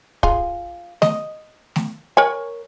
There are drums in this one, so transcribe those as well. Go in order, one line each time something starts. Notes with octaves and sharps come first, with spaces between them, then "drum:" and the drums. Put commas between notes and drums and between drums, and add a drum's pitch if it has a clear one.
F4 G#4, drum: kick
D#5, drum: snare A3
drum: snare A3
A#4 C#5 G#5